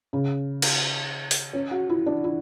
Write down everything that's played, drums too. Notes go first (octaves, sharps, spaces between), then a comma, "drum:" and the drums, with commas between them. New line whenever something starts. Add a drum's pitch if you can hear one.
C#3
drum: cymbal
drum: open hi-hat
C#4
F#4
E4
D4
E4